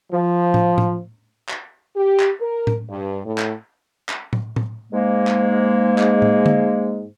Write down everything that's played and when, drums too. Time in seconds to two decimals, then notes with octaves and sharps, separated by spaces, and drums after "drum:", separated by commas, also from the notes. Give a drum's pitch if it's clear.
0.12 F3
0.54 drum: tom A2
0.78 drum: tom A2
1.49 drum: clap
1.96 G4
2.20 drum: clap
2.40 A#4
2.67 drum: tom A2
2.89 G2
3.25 A2
3.38 drum: clap
4.09 drum: clap
4.33 drum: tom A2
4.56 drum: tom A2
4.91 G#2 G#3 A#3
5.27 drum: clap
5.98 drum: clap
6.22 drum: tom A2
6.46 drum: tom D3